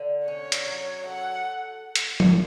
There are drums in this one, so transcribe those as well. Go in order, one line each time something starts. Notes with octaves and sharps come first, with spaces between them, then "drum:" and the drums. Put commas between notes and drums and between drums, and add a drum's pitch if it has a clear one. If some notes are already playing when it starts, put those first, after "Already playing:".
Already playing: D3
C#4 C#5
drum: hi-hat
F#3
A4 F#5
drum: hi-hat
drum: tom F3